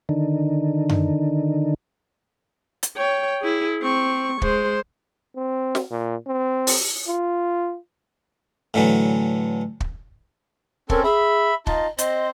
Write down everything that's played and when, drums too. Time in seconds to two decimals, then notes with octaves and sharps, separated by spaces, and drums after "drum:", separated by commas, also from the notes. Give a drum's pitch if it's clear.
0.09 D3 D#3
0.89 drum: tom F#2
2.83 drum: hi-hat
2.97 C#5 G5
3.41 E4 G#4
3.82 C4 C#6
4.42 G#3 C5, drum: kick
5.36 C4
5.75 drum: snare
5.91 A#2
6.28 C4
6.67 drum: open hi-hat
7.08 F4
8.74 A2 D3 E3 F#3
9.80 drum: kick
10.90 C4 C#4 A4 A#4, drum: kick
11.04 G#4 E5 B5
11.67 D#4 F4 D#5 A5, drum: kick
11.98 C4 C5 D#5, drum: hi-hat